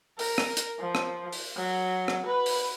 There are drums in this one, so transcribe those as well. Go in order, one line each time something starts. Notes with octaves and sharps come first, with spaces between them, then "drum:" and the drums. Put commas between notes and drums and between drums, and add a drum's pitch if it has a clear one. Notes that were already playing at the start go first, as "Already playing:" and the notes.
A#4, drum: open hi-hat
drum: rim click
drum: hi-hat
F3
drum: rim click
drum: open hi-hat
F#3
drum: rim click
B4
drum: open hi-hat